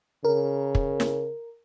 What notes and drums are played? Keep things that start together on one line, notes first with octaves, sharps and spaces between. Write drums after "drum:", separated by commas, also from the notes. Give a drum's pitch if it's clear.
C#3 A#4
drum: kick
drum: snare